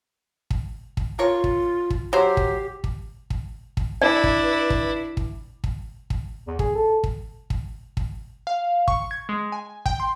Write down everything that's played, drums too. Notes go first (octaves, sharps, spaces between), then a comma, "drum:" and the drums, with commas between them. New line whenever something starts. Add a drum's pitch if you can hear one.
drum: kick
drum: kick
F4 A#4 C#5
drum: kick
drum: kick
F#3 G4 C5
drum: kick
drum: kick
drum: kick
drum: kick
D4 E4 B4 D5
drum: kick
drum: kick
drum: kick
drum: kick
drum: kick
E2
G#4, drum: kick
A4
drum: kick
drum: kick
drum: kick
F5
C#6, drum: kick
G#6
G#3
G#5
G5, drum: kick
C6